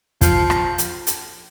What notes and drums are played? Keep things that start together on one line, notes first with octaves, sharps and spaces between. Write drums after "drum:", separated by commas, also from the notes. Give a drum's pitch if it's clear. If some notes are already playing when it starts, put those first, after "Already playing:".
F3, drum: kick, hi-hat
drum: rim click
drum: hi-hat
drum: hi-hat